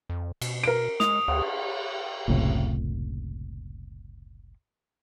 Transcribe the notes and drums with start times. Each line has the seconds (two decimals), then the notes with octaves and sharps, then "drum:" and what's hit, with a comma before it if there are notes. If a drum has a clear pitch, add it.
0.09 F2
0.41 B2, drum: cymbal
0.64 A#4 D7
1.00 G#3 D#6 F7, drum: snare
1.28 D2, drum: cymbal
2.28 F#1 C#2 A2 C3